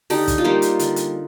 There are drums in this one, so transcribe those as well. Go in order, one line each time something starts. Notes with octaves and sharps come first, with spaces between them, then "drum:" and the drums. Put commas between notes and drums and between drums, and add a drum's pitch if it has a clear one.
D3 D#4 G4, drum: open hi-hat
drum: kick, hi-hat
F4
G3 A#3 D#4 G4
drum: hi-hat
D3, drum: hi-hat
drum: hi-hat